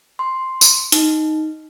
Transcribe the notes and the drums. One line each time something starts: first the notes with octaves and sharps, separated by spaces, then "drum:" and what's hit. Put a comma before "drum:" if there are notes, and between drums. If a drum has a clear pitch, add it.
C6
drum: tambourine
D#4, drum: hi-hat